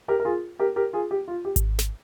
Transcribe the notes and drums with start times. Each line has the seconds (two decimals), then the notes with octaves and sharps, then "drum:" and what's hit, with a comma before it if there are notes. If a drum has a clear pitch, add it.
0.08 G4 A#4
0.20 A#4
0.25 F4 G#4
0.59 G4 A#4
0.76 G4 A#4
0.93 F4 G#4
1.11 G4
1.28 F4
1.45 G4
1.56 drum: kick G#1, hi-hat
1.79 drum: snare